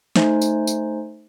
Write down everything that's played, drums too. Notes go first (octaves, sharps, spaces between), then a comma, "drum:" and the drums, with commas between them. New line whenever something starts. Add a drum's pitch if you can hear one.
A3 D#4 C5 G#5, drum: snare
drum: tambourine
drum: tambourine